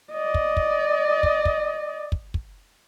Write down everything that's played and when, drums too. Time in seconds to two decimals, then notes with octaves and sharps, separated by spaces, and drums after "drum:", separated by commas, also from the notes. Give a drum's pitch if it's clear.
0.12 D5 D#5
0.34 drum: kick
0.57 drum: kick
1.23 drum: kick
1.45 drum: kick
2.12 drum: kick
2.34 drum: kick